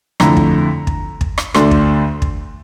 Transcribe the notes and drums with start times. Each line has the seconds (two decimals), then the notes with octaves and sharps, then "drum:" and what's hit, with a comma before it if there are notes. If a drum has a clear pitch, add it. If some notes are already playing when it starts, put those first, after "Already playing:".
0.20 F2 D3 A3 E4 A#5, drum: rim click
0.37 drum: kick
0.87 drum: kick
1.21 drum: kick
1.38 drum: rim click
1.54 D2 D3 A3 D4 C6, drum: rim click
1.71 drum: kick
2.22 drum: kick